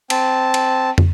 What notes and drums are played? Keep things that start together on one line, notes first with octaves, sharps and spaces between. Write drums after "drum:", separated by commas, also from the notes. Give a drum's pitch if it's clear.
C4 A5, drum: cymbal
drum: cymbal
drum: tom